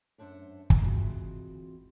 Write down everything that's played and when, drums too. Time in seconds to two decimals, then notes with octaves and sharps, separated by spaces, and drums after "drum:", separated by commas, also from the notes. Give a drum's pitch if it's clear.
0.18 F#2 D4 C5 E5 F#5
0.70 drum: kick
0.81 E3 G#3 C4 F4 F#4